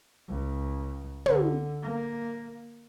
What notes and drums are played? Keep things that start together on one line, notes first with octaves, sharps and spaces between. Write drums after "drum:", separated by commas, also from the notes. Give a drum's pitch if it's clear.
C#2
D3, drum: tom
A#3